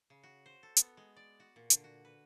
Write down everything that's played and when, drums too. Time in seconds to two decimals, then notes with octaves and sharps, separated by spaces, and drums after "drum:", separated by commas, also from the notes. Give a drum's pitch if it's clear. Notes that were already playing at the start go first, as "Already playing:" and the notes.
0.10 C#3
0.23 F#4
0.46 C5
0.63 A4
0.77 B3, drum: hi-hat
0.97 G#3
1.16 D5
1.40 F#4
1.56 A#2
1.70 D3, drum: hi-hat
1.84 F#4
2.05 B4